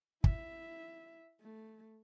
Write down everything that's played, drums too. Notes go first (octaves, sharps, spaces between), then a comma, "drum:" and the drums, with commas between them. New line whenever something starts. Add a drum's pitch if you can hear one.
E4 E5, drum: kick
A3